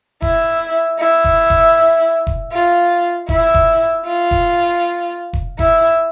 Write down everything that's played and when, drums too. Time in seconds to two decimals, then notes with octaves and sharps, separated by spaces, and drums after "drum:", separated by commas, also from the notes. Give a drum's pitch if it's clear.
0.22 E4, drum: kick F1
0.99 E4
1.24 drum: kick F1
1.50 drum: kick F1
2.27 drum: kick F1
2.52 F4
3.29 E4, drum: kick F1
3.54 drum: kick F1
4.06 F4
4.31 drum: kick F1
5.33 drum: kick F1
5.59 E4, drum: kick F1